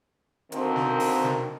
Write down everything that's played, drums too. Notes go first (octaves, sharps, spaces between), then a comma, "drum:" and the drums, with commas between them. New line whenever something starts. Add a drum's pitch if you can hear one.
B2 D3 D#3 A#3 C4, drum: hi-hat
drum: snare
drum: open hi-hat
drum: snare